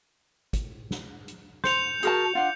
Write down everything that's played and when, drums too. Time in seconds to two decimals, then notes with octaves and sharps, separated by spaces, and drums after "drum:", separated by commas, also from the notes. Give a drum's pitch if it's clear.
0.53 drum: kick, hi-hat
0.91 drum: snare
1.28 drum: hi-hat
1.64 C5 G6 C#7 F7, drum: snare
2.03 F#4 G#4 A#4 A5, drum: hi-hat
2.35 D4 F4 F#5